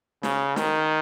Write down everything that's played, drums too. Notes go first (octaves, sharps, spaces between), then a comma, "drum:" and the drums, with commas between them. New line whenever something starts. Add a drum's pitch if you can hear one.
C#3, drum: snare
D#3, drum: snare